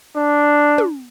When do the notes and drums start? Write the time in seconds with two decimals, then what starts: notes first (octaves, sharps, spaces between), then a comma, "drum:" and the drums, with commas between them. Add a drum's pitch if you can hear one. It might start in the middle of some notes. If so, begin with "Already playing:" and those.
0.16 D4
0.78 drum: tom